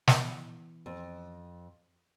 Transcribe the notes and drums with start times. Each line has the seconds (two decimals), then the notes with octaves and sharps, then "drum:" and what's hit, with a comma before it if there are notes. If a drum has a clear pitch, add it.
0.07 E3 B3 D#5, drum: snare
0.86 F2